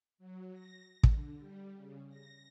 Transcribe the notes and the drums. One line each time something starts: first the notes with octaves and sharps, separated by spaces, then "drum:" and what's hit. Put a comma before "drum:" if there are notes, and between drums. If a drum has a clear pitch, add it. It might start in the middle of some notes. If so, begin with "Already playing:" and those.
F#3
A#6
D3, drum: kick
G3
C#3
A#6